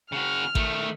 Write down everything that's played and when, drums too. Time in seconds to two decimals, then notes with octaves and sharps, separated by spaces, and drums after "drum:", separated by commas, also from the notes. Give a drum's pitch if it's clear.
0.12 C#3 F#4 F6
0.55 D#3 A3, drum: kick A1